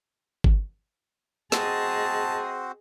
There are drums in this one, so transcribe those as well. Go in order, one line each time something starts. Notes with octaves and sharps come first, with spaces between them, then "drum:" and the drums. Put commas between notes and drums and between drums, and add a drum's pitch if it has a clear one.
drum: kick G1
C4 F#4 G#4 C5 D#5 A5, drum: snare